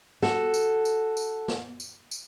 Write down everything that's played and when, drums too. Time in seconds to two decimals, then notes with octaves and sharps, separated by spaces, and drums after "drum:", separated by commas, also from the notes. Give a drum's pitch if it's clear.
0.22 F#4 A4, drum: snare
0.54 drum: tambourine
0.85 drum: tambourine
1.17 drum: tambourine
1.48 drum: snare
1.80 drum: tambourine
2.11 drum: tambourine